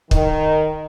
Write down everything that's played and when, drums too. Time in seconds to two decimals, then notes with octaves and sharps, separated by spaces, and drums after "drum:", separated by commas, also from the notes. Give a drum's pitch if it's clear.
0.11 D#3, drum: kick